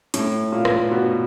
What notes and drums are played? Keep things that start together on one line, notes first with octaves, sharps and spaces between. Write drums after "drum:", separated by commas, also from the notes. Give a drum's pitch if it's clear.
A2, drum: hi-hat
A#2
drum: rim click
B2